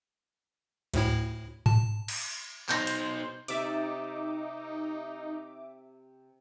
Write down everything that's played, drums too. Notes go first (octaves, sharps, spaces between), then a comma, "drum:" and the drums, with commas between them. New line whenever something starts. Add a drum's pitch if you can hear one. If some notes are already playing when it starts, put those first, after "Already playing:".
D2 A2 E4, drum: hi-hat
A5, drum: tom G#2
drum: cymbal
B2 D#4 C5 G6 A#6, drum: clap
drum: hi-hat
C3 D#4 D5 E5 D6, drum: hi-hat